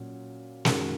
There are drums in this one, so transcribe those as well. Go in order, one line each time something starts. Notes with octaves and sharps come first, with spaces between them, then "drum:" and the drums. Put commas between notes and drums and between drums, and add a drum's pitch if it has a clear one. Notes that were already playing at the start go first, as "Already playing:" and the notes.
Already playing: A#2 F#3 C#4
F#2 D#3 G#3 F#4 A#4, drum: snare